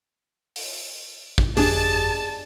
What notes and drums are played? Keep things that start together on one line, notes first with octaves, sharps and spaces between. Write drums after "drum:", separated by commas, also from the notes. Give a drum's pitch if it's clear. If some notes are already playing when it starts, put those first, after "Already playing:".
drum: open hi-hat
drum: kick
G1 F2 D4 G4 G#4 A5, drum: open hi-hat